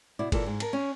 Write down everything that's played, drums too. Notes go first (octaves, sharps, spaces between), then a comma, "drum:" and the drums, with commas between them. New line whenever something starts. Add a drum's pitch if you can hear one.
B2 E4 D5
A#2 E3 A4, drum: kick G1, cymbal
G#2
A#4 A5, drum: cymbal
C#4